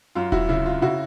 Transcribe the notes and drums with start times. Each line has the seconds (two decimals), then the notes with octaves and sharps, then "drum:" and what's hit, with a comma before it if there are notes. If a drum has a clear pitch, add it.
0.15 F#2 F4
0.32 E4 F#4, drum: kick D#1
0.49 C#3 E4
0.66 F4
0.82 C#3 E4 F#4